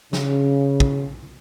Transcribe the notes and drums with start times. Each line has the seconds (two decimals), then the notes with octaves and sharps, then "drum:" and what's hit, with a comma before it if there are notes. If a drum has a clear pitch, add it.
0.13 C#3, drum: snare
0.80 drum: kick